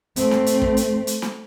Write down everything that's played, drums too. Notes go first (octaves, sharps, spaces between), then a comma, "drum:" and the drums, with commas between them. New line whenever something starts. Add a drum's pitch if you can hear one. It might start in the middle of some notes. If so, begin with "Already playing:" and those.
A3 C4, drum: hi-hat
drum: snare
drum: hi-hat
drum: kick
drum: hi-hat
drum: hi-hat
drum: snare